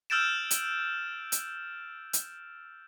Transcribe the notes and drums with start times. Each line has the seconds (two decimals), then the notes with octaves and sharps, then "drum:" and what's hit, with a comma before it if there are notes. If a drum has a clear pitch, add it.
0.10 E6 F6 G6 A6 D7 E7
0.51 drum: hi-hat
1.32 drum: hi-hat
2.13 drum: hi-hat